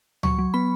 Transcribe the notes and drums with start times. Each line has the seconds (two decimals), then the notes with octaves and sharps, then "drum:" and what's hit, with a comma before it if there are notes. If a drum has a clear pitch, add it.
0.23 F#3 C#6, drum: tom C#2
0.39 F#3
0.54 B3 B5